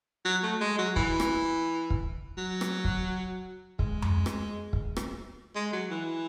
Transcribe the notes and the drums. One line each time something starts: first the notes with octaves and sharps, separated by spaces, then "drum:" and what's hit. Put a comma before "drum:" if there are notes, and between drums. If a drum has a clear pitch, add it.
F#3
A3
G#3
F#3
E3, drum: kick
drum: rim click
drum: kick
F#3
drum: rim click
drum: kick
G#3, drum: kick
drum: tom F2
drum: rim click
drum: kick
drum: rim click
G#3
F#3
E3